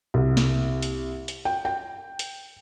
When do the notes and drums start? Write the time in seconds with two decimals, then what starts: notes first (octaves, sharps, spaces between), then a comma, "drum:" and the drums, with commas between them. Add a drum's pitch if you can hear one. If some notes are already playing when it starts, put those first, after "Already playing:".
0.14 C2
0.37 drum: snare
0.82 drum: hi-hat
1.28 drum: hi-hat
1.45 G5
1.65 G5
2.19 drum: hi-hat